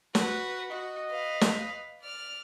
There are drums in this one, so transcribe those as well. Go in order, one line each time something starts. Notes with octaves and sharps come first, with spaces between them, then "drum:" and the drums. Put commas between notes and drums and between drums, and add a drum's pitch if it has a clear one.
F#4 B4, drum: snare
F#4 D#5
B4 F5
drum: snare
D5 F6